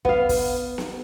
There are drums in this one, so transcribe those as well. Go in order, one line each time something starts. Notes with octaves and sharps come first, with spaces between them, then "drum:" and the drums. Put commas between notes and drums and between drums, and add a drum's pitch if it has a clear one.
B3 F5, drum: kick
drum: kick, open hi-hat
drum: snare B3